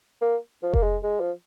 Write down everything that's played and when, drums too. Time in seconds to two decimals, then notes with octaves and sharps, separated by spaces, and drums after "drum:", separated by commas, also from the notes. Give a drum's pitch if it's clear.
0.21 A#3
0.63 F3
0.73 A#3, drum: kick F1
0.82 G#3
1.03 G#3
1.20 F3